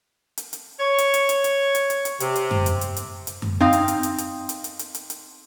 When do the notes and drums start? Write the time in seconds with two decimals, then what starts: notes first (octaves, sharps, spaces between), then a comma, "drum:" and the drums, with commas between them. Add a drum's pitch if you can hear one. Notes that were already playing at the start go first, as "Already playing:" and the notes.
0.38 drum: hi-hat
0.53 drum: hi-hat
0.80 C#5
0.98 drum: hi-hat
1.14 drum: hi-hat
1.29 drum: hi-hat
1.44 drum: hi-hat
1.75 drum: hi-hat
1.90 drum: hi-hat
2.05 drum: hi-hat
2.20 C3, drum: hi-hat
2.36 drum: hi-hat
2.51 drum: tom F#2
2.66 drum: hi-hat
2.81 drum: hi-hat
2.97 drum: hi-hat
3.27 drum: hi-hat
3.42 drum: tom F#2
3.60 C4 D#4 F5
3.73 drum: hi-hat
3.88 drum: hi-hat
4.03 drum: hi-hat
4.18 drum: hi-hat
4.49 drum: hi-hat
4.64 drum: hi-hat
4.79 drum: hi-hat
4.95 drum: hi-hat
5.10 drum: hi-hat